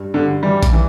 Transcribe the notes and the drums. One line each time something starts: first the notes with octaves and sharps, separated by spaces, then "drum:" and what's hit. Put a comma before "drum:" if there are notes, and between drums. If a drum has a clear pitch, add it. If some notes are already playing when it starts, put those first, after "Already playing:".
Already playing: G2
G2 D3
E3 G3
drum: kick A#1, hi-hat
E3